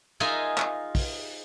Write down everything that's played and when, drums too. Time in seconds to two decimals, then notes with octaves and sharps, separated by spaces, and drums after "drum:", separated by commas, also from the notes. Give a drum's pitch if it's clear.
0.20 D#4 F4 G#4 A#4 E5 G#5
0.58 drum: clap
0.95 drum: kick, open hi-hat